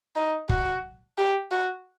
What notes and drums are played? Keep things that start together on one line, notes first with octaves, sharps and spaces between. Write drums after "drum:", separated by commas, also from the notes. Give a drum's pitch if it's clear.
D#4
F#4, drum: kick
G4
F#4